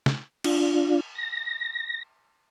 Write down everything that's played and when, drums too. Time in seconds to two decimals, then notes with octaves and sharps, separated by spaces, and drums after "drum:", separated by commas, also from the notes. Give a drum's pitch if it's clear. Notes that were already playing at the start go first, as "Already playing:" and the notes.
0.06 drum: snare
0.44 D4 F4, drum: cymbal
1.15 A#6